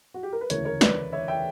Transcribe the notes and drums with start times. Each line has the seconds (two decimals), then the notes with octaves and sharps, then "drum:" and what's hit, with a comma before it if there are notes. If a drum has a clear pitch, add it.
0.14 F#4
0.23 G4
0.33 A#4
0.41 B4
0.50 E1 D2 C#3 E3 A#4 C#5, drum: hi-hat
0.65 A#4 C#5
0.81 B4 D5, drum: snare
1.12 C#5 E5
1.28 E5 G5